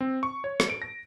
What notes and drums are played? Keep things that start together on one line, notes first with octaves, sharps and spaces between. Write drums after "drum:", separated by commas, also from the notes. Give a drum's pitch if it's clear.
C4
C#6
C#5
drum: rim click
D7
A#6